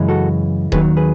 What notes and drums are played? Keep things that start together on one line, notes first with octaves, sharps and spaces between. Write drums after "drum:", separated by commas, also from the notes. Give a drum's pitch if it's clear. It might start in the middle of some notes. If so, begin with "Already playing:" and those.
Already playing: F#2 C#3 E3 G#3
F#4 A4
D#2 D#3 F#3 G#4 B4, drum: kick D#1
G#4 B4